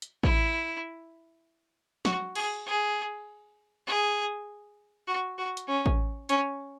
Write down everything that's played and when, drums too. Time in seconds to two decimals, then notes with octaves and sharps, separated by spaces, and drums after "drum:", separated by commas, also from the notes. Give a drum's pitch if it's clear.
0.02 drum: hi-hat
0.23 E4, drum: kick A1
2.05 F#4, drum: snare
2.35 G#4, drum: cymbal
2.66 G#4
3.87 G#4
5.07 F#4
5.38 F#4
5.57 drum: hi-hat
5.68 C#4
5.86 drum: kick A1
6.29 C#4, drum: hi-hat